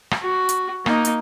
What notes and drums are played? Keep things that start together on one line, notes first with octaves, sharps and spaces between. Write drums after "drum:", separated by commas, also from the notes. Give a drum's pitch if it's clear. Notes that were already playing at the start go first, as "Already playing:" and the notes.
drum: rim click
F#4
drum: hi-hat
A#3 D#4, drum: rim click
drum: hi-hat